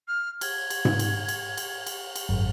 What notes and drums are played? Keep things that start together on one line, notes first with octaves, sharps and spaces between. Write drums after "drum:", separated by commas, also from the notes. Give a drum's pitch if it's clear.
F6
G#6, drum: cymbal
drum: cymbal
drum: tom G#2
drum: cymbal
drum: cymbal
drum: cymbal
drum: cymbal
drum: cymbal
G#1 F#2